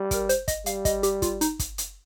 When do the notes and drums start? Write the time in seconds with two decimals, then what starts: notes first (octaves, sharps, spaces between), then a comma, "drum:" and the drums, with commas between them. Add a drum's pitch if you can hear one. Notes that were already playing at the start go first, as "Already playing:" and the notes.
Already playing: G3
0.11 A#4, drum: kick, hi-hat
0.29 C5, drum: hi-hat
0.48 D#5, drum: kick, hi-hat
0.66 G3 F5, drum: hi-hat
0.85 D#5, drum: kick, hi-hat
1.03 G4, drum: hi-hat
1.22 F4, drum: kick, hi-hat
1.41 D#4, drum: hi-hat
1.59 drum: kick, hi-hat
1.78 drum: hi-hat